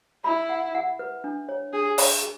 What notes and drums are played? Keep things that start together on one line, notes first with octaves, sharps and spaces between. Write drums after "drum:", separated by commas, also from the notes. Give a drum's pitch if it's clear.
E4 B5
F#5
F#5
B4
D4
C#5
D4 G#4
D4, drum: open hi-hat
G#4